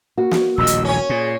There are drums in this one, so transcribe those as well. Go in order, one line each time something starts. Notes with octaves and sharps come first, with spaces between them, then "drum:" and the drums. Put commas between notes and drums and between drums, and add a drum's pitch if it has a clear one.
A#3 F#4
drum: snare
D#1 A#1 A2 D#5 E6
drum: hi-hat
C#4 C#5 G#5
A#2 G#4